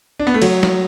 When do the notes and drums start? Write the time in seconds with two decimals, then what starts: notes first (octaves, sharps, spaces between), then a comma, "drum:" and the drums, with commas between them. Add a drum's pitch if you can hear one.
0.20 D4
0.27 B3
0.34 A3
0.42 F#3, drum: cymbal
0.63 drum: snare